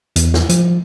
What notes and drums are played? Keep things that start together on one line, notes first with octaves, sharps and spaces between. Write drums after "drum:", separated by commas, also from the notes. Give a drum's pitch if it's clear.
E2, drum: hi-hat
drum: snare
F3, drum: hi-hat